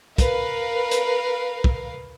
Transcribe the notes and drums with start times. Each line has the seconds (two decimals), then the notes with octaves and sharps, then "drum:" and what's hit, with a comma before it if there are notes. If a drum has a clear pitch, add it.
0.18 A#4 B4 F5, drum: kick, hi-hat
0.91 drum: hi-hat
1.64 drum: kick